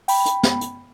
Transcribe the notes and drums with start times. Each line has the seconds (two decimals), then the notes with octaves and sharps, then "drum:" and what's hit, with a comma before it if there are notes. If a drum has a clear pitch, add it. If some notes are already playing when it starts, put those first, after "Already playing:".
0.08 G5 B5, drum: open hi-hat
0.26 drum: hi-hat
0.43 drum: snare
0.61 drum: hi-hat